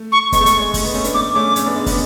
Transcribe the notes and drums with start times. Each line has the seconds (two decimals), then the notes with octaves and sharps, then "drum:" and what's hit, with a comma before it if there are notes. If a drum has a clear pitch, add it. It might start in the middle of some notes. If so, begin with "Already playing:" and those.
Already playing: A3
0.12 C#6
0.32 G#3 B3 C#6, drum: kick, hi-hat
0.41 A3
0.46 G#3, drum: hi-hat
0.60 G#3
0.74 A3, drum: kick, open hi-hat
0.84 G#3 B3
0.94 A3 C#4
1.04 B3 D4, drum: hi-hat
1.14 A3 C#4 D6
1.35 A3 C#4 D6
1.56 A3 C#4, drum: hi-hat
1.66 B3 D4
1.76 G#3
1.86 G#3 B3, drum: kick, open hi-hat